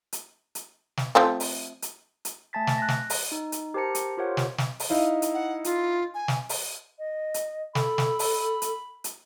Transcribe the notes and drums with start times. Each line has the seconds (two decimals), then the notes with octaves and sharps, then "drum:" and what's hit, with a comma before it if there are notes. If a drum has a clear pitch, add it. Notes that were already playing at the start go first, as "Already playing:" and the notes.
0.13 drum: hi-hat
0.55 drum: hi-hat
0.97 drum: snare
1.15 F3 A3 C4
1.40 drum: open hi-hat
1.82 drum: hi-hat
2.25 drum: hi-hat
2.53 A3 G#5 A5 A6 B6
2.67 drum: snare
2.78 F#6 A#6
2.88 drum: snare
3.10 drum: open hi-hat
3.32 D#4
3.52 drum: hi-hat
3.74 G4 A#4 C5 A5 A#5 C#7
3.95 drum: hi-hat
4.17 F4 G4 A#4 C5 C#5 F#5
4.37 drum: snare
4.58 drum: snare
4.80 drum: open hi-hat
4.90 D#4 E4 F5
5.22 drum: hi-hat
5.34 F#5
5.64 F4, drum: hi-hat
6.14 G#5
6.28 drum: snare
6.49 drum: open hi-hat
6.99 D#5
7.34 drum: hi-hat
7.75 A4 B5, drum: snare
7.98 drum: snare
8.19 drum: open hi-hat
8.62 drum: hi-hat
9.04 drum: hi-hat